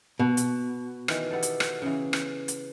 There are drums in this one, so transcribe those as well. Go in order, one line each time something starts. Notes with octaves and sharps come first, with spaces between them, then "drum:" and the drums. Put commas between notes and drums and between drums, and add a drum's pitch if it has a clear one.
B2
drum: hi-hat
D#3 E3, drum: rim click
B3 G4 A4
drum: hi-hat
drum: rim click
C#3 E3
drum: rim click
drum: hi-hat